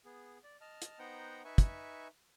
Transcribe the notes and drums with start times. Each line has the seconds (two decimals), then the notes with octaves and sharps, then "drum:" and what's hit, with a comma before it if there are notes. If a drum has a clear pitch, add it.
0.05 B3 G#4
0.44 D5
0.61 D#5 A5 F6
0.82 drum: hi-hat
0.99 B3 D#4 C5 F#5 G5 A#5
1.45 D#4 B4 E5 G#5 C#6
1.58 drum: kick, hi-hat